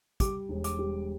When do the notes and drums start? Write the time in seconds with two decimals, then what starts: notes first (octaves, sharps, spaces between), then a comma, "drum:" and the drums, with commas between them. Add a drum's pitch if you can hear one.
0.20 G3 D6, drum: kick, hi-hat
0.49 E1
0.64 D6, drum: hi-hat
0.78 G3